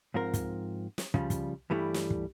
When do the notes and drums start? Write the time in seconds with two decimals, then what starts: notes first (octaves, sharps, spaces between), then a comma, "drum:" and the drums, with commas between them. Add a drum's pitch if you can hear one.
0.14 G#2 F3 C4 A#4
0.34 drum: kick, hi-hat
0.98 drum: snare
1.14 C#3 F3 G3, drum: kick
1.30 drum: kick, hi-hat
1.70 G2 E3 G3 A3 E4
1.94 drum: snare
2.10 drum: kick